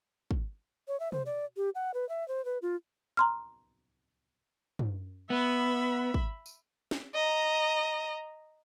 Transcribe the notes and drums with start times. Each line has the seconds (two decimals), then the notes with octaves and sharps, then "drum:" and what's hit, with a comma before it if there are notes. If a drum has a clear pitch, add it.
0.31 drum: kick
0.88 C#5
1.00 E5
1.12 C5, drum: tom
1.26 D5
1.57 G4
1.75 F#5
1.94 B4
2.09 E5
2.28 C5
2.45 B4
2.62 F4
3.17 A#5 C6 F6
4.79 drum: tom
5.30 B3 E5 B5
6.14 drum: kick
6.46 drum: tambourine
6.91 drum: snare
7.15 D#5 A#5